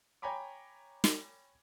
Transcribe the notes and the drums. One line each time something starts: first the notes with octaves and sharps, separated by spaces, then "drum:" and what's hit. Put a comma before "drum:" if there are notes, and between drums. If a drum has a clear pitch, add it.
C#5 G5 G#5 A#5 B5 D6
drum: snare